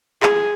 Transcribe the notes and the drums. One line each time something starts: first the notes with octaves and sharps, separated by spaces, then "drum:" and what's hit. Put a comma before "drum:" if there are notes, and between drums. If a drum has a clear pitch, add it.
G#4, drum: clap